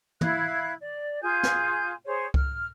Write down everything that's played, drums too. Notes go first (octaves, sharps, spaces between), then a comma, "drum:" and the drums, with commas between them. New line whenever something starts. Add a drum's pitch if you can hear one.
E4 F5 F#6 G#6, drum: tom
D5
F4 G#4 G#5 G6
drum: snare
G#4 C5 C#5
F6, drum: kick C2